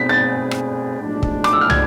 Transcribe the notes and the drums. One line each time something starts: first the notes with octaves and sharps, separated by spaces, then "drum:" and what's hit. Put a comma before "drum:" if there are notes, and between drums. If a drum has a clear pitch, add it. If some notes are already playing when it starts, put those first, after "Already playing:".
Already playing: B2 A3 C4 G#4 B6
A6
drum: rim click
B1 A2 F3 G#3 D4
drum: kick
D6, drum: rim click
E6
F6
G#6, drum: tom